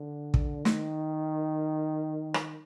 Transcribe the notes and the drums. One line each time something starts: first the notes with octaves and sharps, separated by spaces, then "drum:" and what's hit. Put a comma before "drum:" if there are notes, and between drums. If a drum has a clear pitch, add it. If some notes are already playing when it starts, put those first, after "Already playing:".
Already playing: D3
drum: kick
D#3, drum: snare
drum: rim click